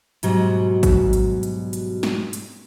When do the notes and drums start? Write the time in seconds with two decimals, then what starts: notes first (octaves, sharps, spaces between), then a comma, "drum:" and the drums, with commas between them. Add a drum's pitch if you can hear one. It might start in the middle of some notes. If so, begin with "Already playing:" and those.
0.23 G#2 B2 F#3 G3, drum: hi-hat
0.83 drum: kick A1, hi-hat
1.13 drum: hi-hat
1.43 drum: hi-hat
1.73 drum: hi-hat
2.03 drum: snare
2.33 drum: hi-hat